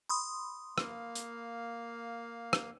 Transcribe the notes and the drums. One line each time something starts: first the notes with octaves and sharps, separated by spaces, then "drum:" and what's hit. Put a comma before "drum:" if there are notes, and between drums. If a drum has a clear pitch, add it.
B5 C6 D#6
A#3 F5, drum: rim click
drum: hi-hat
drum: rim click